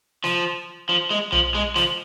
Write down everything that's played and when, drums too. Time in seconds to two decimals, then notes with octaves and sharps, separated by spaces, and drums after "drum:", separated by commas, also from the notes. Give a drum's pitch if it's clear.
0.24 F3, drum: snare
0.89 F3
1.11 G#3
1.32 F3, drum: tom B1
1.55 G#3
1.76 F3, drum: snare